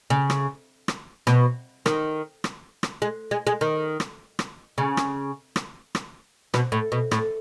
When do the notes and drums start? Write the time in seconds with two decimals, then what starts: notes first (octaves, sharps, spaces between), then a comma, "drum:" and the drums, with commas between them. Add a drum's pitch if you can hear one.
0.10 C#3
0.30 drum: rim click
0.88 drum: rim click
1.27 B2, drum: rim click
1.86 D#3, drum: rim click
2.44 drum: rim click
2.83 drum: rim click
3.02 G#3
3.31 G#3
3.47 G#3
3.61 D#3
4.00 drum: rim click
4.39 drum: rim click
4.78 C#3
4.97 drum: rim click
5.56 drum: rim click
5.95 drum: rim click
6.54 B2, drum: rim click
6.72 A2
6.92 B2
7.11 A2, drum: rim click